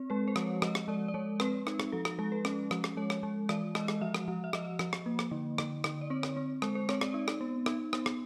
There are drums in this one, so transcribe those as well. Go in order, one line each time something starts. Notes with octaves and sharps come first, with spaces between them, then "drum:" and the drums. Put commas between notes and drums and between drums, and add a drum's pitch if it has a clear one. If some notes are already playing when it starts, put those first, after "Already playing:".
Already playing: C4
G#3 B4
C5
F3 C#5, drum: rim click
F3 D#5, drum: rim click
drum: rim click
G#3 D5
D5
G#3 C#5
C4 B4, drum: rim click
D#4, drum: rim click
drum: rim click
F3 A4
A4, drum: rim click
G#3 A4
B4
C#4, drum: rim click
F3, drum: rim click
drum: rim click
G#3 C#5
drum: rim click
G#3
E3 D5, drum: rim click
G#3 D#5, drum: rim click
drum: rim click
F3 E5
drum: rim click
F3
E5
F3 D#5, drum: rim click
F3, drum: rim click
drum: rim click
A#3
drum: rim click
D3
D3, drum: rim click
D3, drum: rim click
D5
C4 C#5
drum: rim click
C4
G#3 C5, drum: rim click
C5
C4 C#5, drum: rim click
D5, drum: rim click
D#4
drum: rim click
B3
D#4, drum: rim click
B3, drum: rim click
drum: rim click